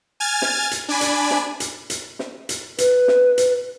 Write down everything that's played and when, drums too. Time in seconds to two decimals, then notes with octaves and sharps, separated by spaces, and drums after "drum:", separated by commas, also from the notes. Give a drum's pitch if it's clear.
0.20 G#5 F6 G#6 A6
0.42 drum: snare
0.71 drum: hi-hat
0.88 D4 D5 G#5 B5
1.01 drum: hi-hat
1.31 drum: snare
1.60 drum: hi-hat
1.90 drum: hi-hat
2.19 drum: snare
2.49 drum: hi-hat
2.78 B4, drum: hi-hat
3.08 drum: snare
3.38 drum: hi-hat